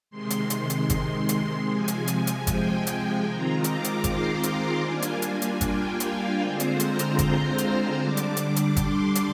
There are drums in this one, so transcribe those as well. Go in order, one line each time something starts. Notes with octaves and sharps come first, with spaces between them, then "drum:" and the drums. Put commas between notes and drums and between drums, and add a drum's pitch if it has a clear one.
C3 D#3 G#3 C6
drum: hi-hat
drum: hi-hat
drum: hi-hat
C6, drum: kick G1, hi-hat
drum: hi-hat
C3 F3 G#3 G#5
drum: hi-hat
G#5, drum: hi-hat
drum: hi-hat
G5, drum: kick G1, hi-hat
G#5, drum: hi-hat
D#3 G#3 C4 F4 A#5
D6, drum: hi-hat
drum: hi-hat
C6, drum: kick G1, hi-hat
drum: hi-hat
G3 A#3 D4 F4 G#5
drum: hi-hat
drum: hi-hat
drum: hi-hat
G5, drum: kick G1, hi-hat
F5, drum: hi-hat
D3 G#3 C4 F4 C5
drum: hi-hat
A#5, drum: hi-hat
drum: hi-hat
C6, drum: kick G1, hi-hat
C6, drum: hi-hat
D3 G3 D4 D6
drum: hi-hat
D6, drum: hi-hat
drum: hi-hat
C6, drum: kick G1, hi-hat
drum: hi-hat